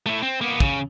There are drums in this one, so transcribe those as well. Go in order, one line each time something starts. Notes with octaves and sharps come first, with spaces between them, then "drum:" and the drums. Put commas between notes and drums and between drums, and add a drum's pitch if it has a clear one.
A3 E4
C4
A#3 B3
C#3, drum: kick